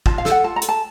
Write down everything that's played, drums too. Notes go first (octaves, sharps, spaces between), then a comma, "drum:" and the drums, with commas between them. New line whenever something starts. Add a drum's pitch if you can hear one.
F4 A5, drum: kick
F5
A4, drum: snare
F#5
F4 A5
A#5
A4, drum: hi-hat
A5